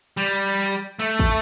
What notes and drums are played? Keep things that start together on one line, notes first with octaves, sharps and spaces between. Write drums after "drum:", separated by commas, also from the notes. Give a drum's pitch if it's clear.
G3
A3
drum: kick